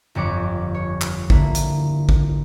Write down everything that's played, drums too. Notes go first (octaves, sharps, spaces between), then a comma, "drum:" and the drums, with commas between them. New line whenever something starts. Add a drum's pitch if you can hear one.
G1 F2 C#5 D6
C#5
drum: clap
D3 A#3 E4, drum: kick
drum: hi-hat
drum: kick